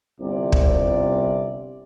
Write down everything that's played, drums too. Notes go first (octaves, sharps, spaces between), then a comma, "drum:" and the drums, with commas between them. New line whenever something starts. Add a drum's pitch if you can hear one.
G1 C2 C3 D5
drum: kick